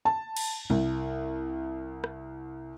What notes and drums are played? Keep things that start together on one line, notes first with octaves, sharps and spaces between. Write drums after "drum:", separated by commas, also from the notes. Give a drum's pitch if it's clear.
A5
drum: cymbal
C2, drum: tom G3
drum: rim click